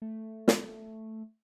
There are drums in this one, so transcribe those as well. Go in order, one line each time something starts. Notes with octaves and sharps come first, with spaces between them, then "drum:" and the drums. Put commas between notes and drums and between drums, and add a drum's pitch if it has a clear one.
A3
drum: snare